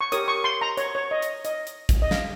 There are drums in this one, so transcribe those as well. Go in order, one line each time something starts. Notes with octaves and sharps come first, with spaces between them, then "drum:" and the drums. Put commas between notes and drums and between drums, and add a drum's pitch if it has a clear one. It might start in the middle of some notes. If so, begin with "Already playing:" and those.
C#6
G4 A#4 C#5 D#6, drum: hi-hat
C#6
C6
A#5
C#5, drum: hi-hat
C#5
D#5
drum: hi-hat
D#5, drum: hi-hat
drum: hi-hat
drum: kick, hi-hat
D#5
F5, drum: snare